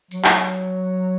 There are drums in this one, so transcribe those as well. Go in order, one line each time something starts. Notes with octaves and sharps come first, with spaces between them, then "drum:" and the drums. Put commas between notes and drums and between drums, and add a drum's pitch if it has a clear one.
F#3, drum: tambourine
drum: clap